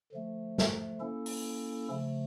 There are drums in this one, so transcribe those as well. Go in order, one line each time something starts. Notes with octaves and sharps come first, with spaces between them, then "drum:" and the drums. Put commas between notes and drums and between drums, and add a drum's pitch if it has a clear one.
D3 F3 A3
drum: snare
A#3 C#4 E4 A4
drum: open hi-hat
C#3 F3 A3